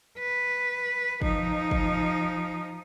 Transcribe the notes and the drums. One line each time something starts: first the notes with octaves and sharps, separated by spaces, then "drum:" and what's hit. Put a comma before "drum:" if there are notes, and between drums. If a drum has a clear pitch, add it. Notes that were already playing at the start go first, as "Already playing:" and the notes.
B4
F3 D#4, drum: kick
drum: kick